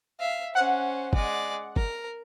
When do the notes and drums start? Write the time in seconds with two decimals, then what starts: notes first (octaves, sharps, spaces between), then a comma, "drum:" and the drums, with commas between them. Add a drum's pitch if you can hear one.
0.19 E5 F5
0.55 C#4 C5 F#5
1.13 G#3 D5, drum: kick
1.76 A#4, drum: kick